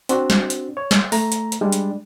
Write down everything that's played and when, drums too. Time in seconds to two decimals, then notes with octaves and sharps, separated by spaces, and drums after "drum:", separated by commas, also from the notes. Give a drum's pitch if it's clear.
0.09 C4 D4 F#4, drum: hi-hat
0.30 drum: snare
0.50 drum: hi-hat
0.77 C#5
0.91 drum: snare
1.12 A3 A#5, drum: open hi-hat
1.32 drum: hi-hat
1.52 drum: hi-hat
1.61 G3 G#3 D4
1.72 drum: hi-hat